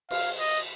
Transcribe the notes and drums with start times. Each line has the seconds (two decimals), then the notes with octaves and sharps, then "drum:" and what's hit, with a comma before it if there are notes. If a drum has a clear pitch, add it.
0.11 F5, drum: cymbal
0.40 D#5